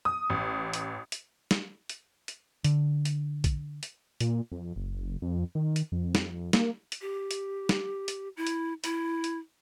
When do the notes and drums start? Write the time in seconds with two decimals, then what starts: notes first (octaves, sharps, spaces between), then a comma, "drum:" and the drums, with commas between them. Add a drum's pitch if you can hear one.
0.05 D#6
0.30 A1
0.73 drum: hi-hat
1.12 drum: hi-hat
1.51 drum: snare
1.89 drum: hi-hat
2.28 drum: hi-hat
2.64 D3, drum: hi-hat
3.05 drum: hi-hat
3.44 drum: kick, hi-hat
3.83 drum: hi-hat
4.20 A#2, drum: hi-hat
4.52 F2
4.76 F#1
5.22 F2
5.55 D#3
5.76 drum: hi-hat
5.92 F2
6.15 drum: snare
6.53 A#3, drum: snare
6.92 drum: hi-hat
7.01 G4
7.31 drum: hi-hat
7.69 drum: snare
8.08 drum: hi-hat
8.37 E4
8.47 drum: hi-hat
8.84 E4, drum: hi-hat
9.24 drum: hi-hat